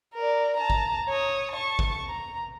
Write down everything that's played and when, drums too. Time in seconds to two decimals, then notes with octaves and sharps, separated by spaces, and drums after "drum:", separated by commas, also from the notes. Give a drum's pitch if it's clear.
0.14 A#4 D5
0.57 A5 A#5
0.70 drum: kick
1.09 C#5 D#6
1.52 A5 C#6
1.79 drum: kick
2.08 A#5